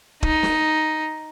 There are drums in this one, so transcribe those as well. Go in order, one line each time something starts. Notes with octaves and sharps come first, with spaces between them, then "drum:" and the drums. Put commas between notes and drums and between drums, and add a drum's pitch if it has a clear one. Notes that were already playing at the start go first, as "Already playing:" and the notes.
D#4, drum: kick D#1
drum: snare